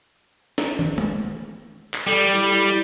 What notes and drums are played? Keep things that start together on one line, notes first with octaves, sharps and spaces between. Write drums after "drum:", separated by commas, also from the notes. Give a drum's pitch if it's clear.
drum: snare
drum: tom
drum: tom G#3
drum: clap
G3 A4
E4
drum: hi-hat